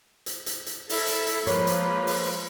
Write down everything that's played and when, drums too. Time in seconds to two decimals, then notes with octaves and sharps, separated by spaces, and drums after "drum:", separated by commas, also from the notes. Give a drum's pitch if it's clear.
0.26 drum: hi-hat
0.46 drum: hi-hat
0.66 drum: hi-hat
0.89 E4 A4, drum: open hi-hat
1.07 drum: hi-hat
1.27 drum: hi-hat
1.47 F3 G#3 A#3 B4 C#5, drum: hi-hat
1.67 drum: hi-hat
2.07 drum: open hi-hat